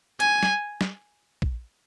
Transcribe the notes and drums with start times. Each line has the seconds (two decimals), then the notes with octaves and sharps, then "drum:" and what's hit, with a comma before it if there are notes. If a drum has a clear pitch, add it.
0.20 G#5, drum: hi-hat
0.43 drum: snare
0.81 drum: snare
1.42 drum: kick A#1